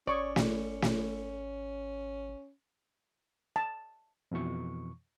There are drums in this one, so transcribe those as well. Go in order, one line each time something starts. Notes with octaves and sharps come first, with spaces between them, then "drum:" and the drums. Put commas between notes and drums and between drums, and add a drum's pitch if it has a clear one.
G#1 C#4 C#5 D5 C#6 D#6
drum: snare
drum: snare
A5
F2 B2 E3 C#6